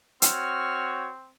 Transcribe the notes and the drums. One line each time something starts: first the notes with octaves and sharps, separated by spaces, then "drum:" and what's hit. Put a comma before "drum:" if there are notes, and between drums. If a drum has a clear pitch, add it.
C4 F#4 C#5 F6, drum: hi-hat